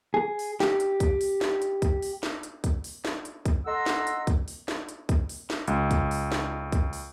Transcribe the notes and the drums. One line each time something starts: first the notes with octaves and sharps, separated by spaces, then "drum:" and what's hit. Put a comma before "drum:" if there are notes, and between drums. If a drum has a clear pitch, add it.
G#4
drum: open hi-hat
G4, drum: snare
drum: hi-hat
drum: kick, hi-hat
drum: open hi-hat
drum: snare
drum: hi-hat
drum: kick, hi-hat
drum: open hi-hat
drum: snare
drum: hi-hat
drum: kick, hi-hat
drum: open hi-hat
drum: snare
drum: hi-hat
drum: kick, hi-hat
A4 D#5 F#5 A#5 C6 E6
drum: snare
drum: hi-hat
drum: kick, hi-hat
drum: open hi-hat
drum: snare
drum: hi-hat
drum: kick, hi-hat
drum: open hi-hat
drum: snare
C#2, drum: hi-hat
drum: kick, hi-hat
drum: open hi-hat
drum: snare
drum: kick, hi-hat
drum: open hi-hat